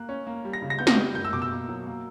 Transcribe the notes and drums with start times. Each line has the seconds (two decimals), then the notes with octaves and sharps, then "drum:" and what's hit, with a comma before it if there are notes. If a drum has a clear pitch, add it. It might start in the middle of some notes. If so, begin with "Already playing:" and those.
Already playing: A#3 F#6
0.09 C#4
0.27 A#3
0.45 G3
0.53 A#6
0.62 C#3
0.70 A#6
0.79 B3 G6
0.87 A#6, drum: snare
0.98 G3
1.15 F#1 G6
1.25 E6
1.33 B2 D6
1.42 E6
1.51 A#3
1.68 F#3
1.87 A#3